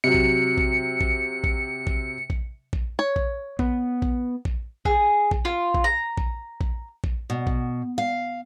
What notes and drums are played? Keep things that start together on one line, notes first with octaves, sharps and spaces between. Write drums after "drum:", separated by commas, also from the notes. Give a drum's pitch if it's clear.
C3 F#3 C#7
drum: kick
drum: kick
drum: kick
drum: kick
drum: kick
drum: kick
drum: kick
C#5
drum: kick
B3, drum: kick
drum: kick
drum: kick
G#4, drum: kick
drum: kick
F4
drum: kick
A#5
drum: kick
drum: kick
drum: kick
B2
drum: kick
F5